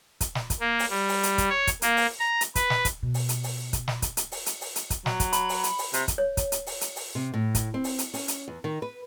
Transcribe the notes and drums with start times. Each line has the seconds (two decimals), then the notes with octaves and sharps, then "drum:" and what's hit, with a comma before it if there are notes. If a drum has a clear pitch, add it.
0.21 drum: kick, hi-hat
0.35 drum: snare
0.50 drum: kick, hi-hat
0.60 A#3
0.79 drum: open hi-hat
0.90 G3
1.09 drum: open hi-hat
1.23 drum: hi-hat
1.38 drum: kick, hi-hat
1.49 C#5
1.67 drum: kick, hi-hat
1.82 A#3, drum: hi-hat
1.97 drum: open hi-hat
2.20 A#5
2.41 drum: hi-hat
2.55 B4, drum: kick, hi-hat
2.70 drum: snare
2.85 drum: kick, hi-hat
3.02 B2
3.14 drum: open hi-hat
3.29 drum: hi-hat
3.44 drum: open hi-hat
3.73 drum: kick, hi-hat
3.88 drum: snare
4.02 drum: kick, hi-hat
4.17 drum: hi-hat
4.32 drum: open hi-hat
4.46 drum: hi-hat
4.61 drum: open hi-hat
4.76 drum: hi-hat
4.90 drum: kick, hi-hat
5.06 F#3, drum: snare
5.20 drum: kick, hi-hat
5.33 B5, drum: hi-hat
5.49 drum: open hi-hat
5.64 drum: hi-hat
5.78 drum: open hi-hat
5.93 C3, drum: hi-hat
6.08 drum: kick, hi-hat
6.18 C#5
6.37 drum: kick, hi-hat
6.52 drum: hi-hat
6.67 drum: open hi-hat
6.81 drum: hi-hat
6.96 drum: open hi-hat
7.15 C3
7.34 A2
7.55 drum: kick, hi-hat
7.74 C4
7.84 drum: open hi-hat
7.99 drum: hi-hat
8.14 C#4, drum: open hi-hat
8.28 drum: hi-hat
8.48 E2
8.64 D#3
8.82 B4